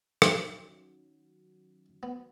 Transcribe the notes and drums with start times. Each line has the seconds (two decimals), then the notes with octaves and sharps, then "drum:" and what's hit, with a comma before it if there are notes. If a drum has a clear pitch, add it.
0.22 D#3 F#3 A#3 C#4 F#4, drum: rim click
2.03 B3